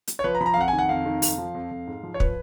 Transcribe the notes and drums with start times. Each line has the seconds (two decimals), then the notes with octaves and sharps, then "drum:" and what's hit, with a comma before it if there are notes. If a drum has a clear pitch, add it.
0.08 drum: hi-hat
0.19 C#5
0.24 F3 B4
0.35 A#5
0.41 F3 B5
0.46 A#5
0.54 F5
0.56 F2 F#5
0.68 G#5
0.73 D#3
0.79 F#5
0.89 F2 F5
1.06 D#3
1.22 F2, drum: open hi-hat
1.38 F3
1.55 F2
1.71 F2
1.87 G#2
2.03 F3
2.14 C#5
2.20 F3 B4, drum: kick